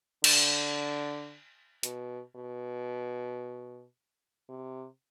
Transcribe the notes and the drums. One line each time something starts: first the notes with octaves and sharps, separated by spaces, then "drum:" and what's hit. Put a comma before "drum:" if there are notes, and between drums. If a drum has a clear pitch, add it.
D3, drum: cymbal
B2, drum: hi-hat
B2
C3